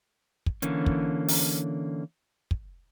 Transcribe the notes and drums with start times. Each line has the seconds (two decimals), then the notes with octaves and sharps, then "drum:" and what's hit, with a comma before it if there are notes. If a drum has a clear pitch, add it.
0.46 drum: kick
0.62 D3 E3 A#3 C#4, drum: hi-hat
0.86 drum: kick
1.28 drum: open hi-hat
2.51 drum: kick